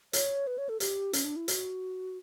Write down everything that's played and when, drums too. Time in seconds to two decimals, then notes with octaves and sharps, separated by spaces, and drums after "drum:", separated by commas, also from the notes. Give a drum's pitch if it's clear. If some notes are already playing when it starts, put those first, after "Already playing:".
0.13 C#5, drum: hi-hat
0.47 B4
0.58 C#5
0.69 A4
0.80 G4, drum: hi-hat
1.13 C#4, drum: hi-hat
1.25 D4
1.36 E4
1.48 F#4, drum: hi-hat